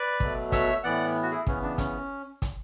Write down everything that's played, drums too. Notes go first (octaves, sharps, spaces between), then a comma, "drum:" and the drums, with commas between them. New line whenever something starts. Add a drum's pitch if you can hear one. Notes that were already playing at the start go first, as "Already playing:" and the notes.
Already playing: B4 D5
B2 F#3 A3, drum: kick
C#5 E5, drum: kick, hi-hat
A2 E3 B3 D5 F#5
F#4
E4 G#4
C#3 E3 B3 C#4, drum: kick
D4
C#4, drum: kick, hi-hat
drum: kick, hi-hat